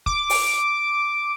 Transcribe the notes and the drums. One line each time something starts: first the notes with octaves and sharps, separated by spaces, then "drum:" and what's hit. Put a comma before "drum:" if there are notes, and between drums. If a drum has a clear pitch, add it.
D6, drum: kick
drum: open hi-hat